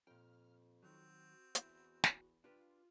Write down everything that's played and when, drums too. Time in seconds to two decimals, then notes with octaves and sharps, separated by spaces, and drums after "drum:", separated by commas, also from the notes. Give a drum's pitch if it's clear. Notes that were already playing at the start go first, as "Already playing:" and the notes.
0.07 F2 A#2 G5 F6
0.83 D#3 F#3 C4 F#4
1.55 E2 E4, drum: hi-hat
2.04 drum: snare
2.44 D4 F4 G4 B4